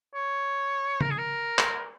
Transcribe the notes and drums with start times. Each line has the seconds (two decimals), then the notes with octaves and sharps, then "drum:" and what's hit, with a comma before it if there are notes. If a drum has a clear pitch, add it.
0.14 C#5
1.01 A#4, drum: tom
1.10 G#4
1.18 A#4
1.58 drum: clap